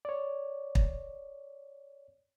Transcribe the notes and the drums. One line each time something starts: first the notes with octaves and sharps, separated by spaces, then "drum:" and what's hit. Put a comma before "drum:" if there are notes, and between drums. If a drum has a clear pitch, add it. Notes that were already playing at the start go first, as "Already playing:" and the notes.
C#5 D5
drum: kick